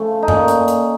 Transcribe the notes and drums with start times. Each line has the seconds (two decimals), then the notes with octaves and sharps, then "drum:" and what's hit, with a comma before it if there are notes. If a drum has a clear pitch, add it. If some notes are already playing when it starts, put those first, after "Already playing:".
Already playing: C#3 F3 A3
0.22 D#4
0.28 A#2 C#4, drum: tom F#2
0.48 drum: hi-hat
0.68 drum: hi-hat